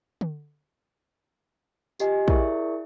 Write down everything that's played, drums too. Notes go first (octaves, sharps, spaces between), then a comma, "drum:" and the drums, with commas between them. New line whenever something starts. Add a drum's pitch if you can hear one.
drum: tom D3
F4 G4 D#5 G#5, drum: tambourine
E4 G#4 A#4 D5 E5 C#6, drum: kick